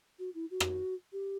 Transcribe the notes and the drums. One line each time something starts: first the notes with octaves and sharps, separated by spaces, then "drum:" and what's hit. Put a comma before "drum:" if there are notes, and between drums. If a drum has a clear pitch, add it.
F#4
E4
F#4
drum: rim click
G4